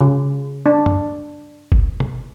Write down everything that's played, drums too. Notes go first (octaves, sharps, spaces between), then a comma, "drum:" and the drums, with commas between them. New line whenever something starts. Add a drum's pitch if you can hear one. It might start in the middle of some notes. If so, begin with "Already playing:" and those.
C#3
D4
drum: tom
drum: kick
drum: tom